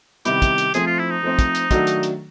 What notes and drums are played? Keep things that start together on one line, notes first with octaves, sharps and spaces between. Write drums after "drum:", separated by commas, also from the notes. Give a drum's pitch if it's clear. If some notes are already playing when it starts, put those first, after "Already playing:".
C3 D#3 G3 B3 E4 G4, drum: hi-hat
drum: kick, hi-hat
drum: hi-hat
F3 A3 C4 G#4, drum: hi-hat
F4
E4
D#4
F3 A3 C4
drum: kick, hi-hat
drum: hi-hat
D#3 F#3 A3 D4 F#4, drum: kick, hi-hat
drum: hi-hat
drum: hi-hat